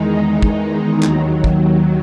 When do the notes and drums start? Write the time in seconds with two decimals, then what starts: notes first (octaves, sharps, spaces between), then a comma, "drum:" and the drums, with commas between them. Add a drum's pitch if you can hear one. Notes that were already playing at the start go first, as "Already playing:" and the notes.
Already playing: E2 D#3 G#3 D#4
0.43 drum: kick
1.03 D#2 D#3 F#3, drum: clap
1.44 drum: kick